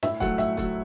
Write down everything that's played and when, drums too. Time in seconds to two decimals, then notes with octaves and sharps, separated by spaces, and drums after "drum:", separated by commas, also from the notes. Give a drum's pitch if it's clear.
0.03 A2 E5, drum: snare
0.20 F#3 A3 F#5, drum: kick, hi-hat
0.38 A2 E5, drum: hi-hat
0.57 F#3 A3, drum: kick, hi-hat